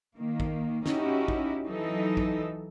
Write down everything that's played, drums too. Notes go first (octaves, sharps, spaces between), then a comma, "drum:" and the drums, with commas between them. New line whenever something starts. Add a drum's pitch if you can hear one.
D#3 A#3
drum: kick
C#4 D#4 E4 F#4 G4, drum: snare
drum: kick
E3 F#3 D#4 A4
drum: kick